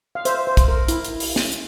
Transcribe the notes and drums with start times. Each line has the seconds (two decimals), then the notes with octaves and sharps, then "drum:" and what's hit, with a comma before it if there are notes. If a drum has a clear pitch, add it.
0.15 F5
0.25 C5 E5, drum: hi-hat
0.47 C5
0.57 drum: kick, hi-hat
0.68 A#4
0.88 E4, drum: hi-hat
1.05 drum: hi-hat
1.20 drum: open hi-hat
1.36 drum: snare
1.52 drum: hi-hat